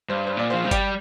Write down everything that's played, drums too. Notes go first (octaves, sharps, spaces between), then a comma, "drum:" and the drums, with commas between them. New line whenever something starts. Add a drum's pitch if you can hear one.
G2 C5
C5
A#2 D5
F3 C5 F5
G3
D5 G5, drum: kick G1, hi-hat